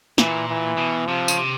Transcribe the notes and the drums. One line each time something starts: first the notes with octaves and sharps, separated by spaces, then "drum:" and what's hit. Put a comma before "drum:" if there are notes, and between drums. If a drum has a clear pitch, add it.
A#2 E3, drum: snare
E3
B2
C3 F3
C#3, drum: tambourine
C3